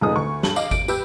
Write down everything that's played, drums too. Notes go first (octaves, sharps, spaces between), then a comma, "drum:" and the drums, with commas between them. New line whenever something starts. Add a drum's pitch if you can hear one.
F1 C#2 D#4 G#4 D#6
D2 C#6
G2 F#7, drum: snare
D#5 F5 D6, drum: tambourine
D7, drum: kick G1, tambourine
G4 B4 E6 G6, drum: tambourine